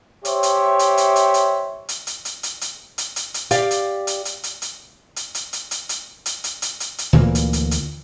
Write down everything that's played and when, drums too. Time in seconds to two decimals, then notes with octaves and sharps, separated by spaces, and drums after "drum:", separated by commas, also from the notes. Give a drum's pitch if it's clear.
0.25 G4 C5 C#5 E5, drum: hi-hat
0.43 drum: hi-hat
0.79 drum: hi-hat
0.98 drum: hi-hat
1.16 drum: hi-hat
1.34 drum: hi-hat
1.89 drum: hi-hat
2.07 drum: hi-hat
2.25 drum: hi-hat
2.43 drum: hi-hat
2.61 drum: hi-hat
2.98 drum: hi-hat
3.16 drum: hi-hat
3.34 drum: hi-hat
3.51 G4 D5 F5, drum: hi-hat
3.71 drum: hi-hat
4.07 drum: hi-hat
4.25 drum: hi-hat
4.43 drum: hi-hat
4.62 drum: hi-hat
5.16 drum: hi-hat
5.35 drum: hi-hat
5.53 drum: hi-hat
5.71 drum: hi-hat
5.89 drum: hi-hat
6.26 drum: hi-hat
6.44 drum: hi-hat
6.62 drum: hi-hat
6.80 drum: hi-hat
6.98 drum: hi-hat
7.13 D2 A#2 E3 A#3
7.35 drum: hi-hat
7.53 drum: hi-hat
7.71 drum: hi-hat